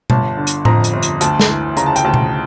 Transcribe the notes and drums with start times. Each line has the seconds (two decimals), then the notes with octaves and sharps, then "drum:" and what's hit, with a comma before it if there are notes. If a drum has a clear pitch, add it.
0.10 G1 A5, drum: tom B2
0.37 D3
0.47 drum: hi-hat
0.65 F2 A#5, drum: tom A2
0.84 drum: hi-hat
0.93 G1
1.02 drum: hi-hat
1.21 D2 A5, drum: hi-hat
1.40 drum: snare
1.49 E3
1.77 C#3 A#5, drum: hi-hat
1.86 A5
1.96 G5, drum: hi-hat
2.05 D2 A5
2.14 drum: tom B2